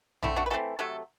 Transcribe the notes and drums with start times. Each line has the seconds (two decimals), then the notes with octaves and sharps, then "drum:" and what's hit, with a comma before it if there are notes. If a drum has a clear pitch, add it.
0.23 D3 A3 C4 E4, drum: tom A#1
0.36 D4 F#4
0.46 B4
0.50 E3 A3 C4 F#4 A4
0.79 C3 F#3 A3 A4